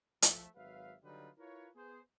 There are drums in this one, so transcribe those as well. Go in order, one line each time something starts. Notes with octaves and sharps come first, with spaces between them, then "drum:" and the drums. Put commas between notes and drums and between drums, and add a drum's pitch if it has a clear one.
F3 A3 E5, drum: hi-hat
G#1 F#3 B4 E5 F5
D3 F#3 G3 D#4 F4 B4
E4 F4 A#4 B4 C#5
B3 G#4 C5